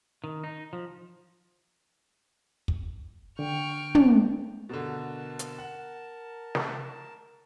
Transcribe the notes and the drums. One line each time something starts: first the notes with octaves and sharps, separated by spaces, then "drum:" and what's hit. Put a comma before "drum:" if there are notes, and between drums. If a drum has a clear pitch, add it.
D#3
D#4
F3
drum: kick
D3 G5 C#6 F6
drum: tom
B2 D3 A#4 A5
drum: hi-hat
F#5
drum: snare